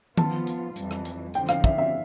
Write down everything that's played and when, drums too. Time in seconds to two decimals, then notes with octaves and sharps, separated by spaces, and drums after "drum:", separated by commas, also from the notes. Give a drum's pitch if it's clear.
0.18 F3 B3 F4 A5, drum: tom D#3
0.47 drum: hi-hat
0.76 F2 E3 G3, drum: hi-hat
0.91 drum: rim click
1.05 drum: hi-hat
1.34 D3 F3 C4 G5, drum: hi-hat
1.49 F5, drum: rim click
1.64 E5, drum: kick
1.78 E5